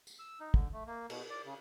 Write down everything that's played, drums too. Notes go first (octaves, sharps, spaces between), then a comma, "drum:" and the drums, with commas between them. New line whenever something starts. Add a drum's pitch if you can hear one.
drum: tambourine
E6
D#4
D3, drum: kick
A3
A#3
B2, drum: cymbal
D5
C#3